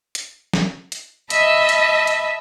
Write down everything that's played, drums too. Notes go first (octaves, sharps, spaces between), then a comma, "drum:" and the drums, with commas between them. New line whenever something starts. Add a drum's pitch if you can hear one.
drum: hi-hat
drum: snare
drum: hi-hat
D#5 E5 A5 B5, drum: hi-hat
drum: hi-hat
drum: hi-hat